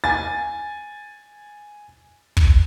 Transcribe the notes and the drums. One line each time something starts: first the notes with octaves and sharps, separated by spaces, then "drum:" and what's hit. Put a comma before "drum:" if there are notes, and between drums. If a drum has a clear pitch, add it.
G#5 A6
drum: kick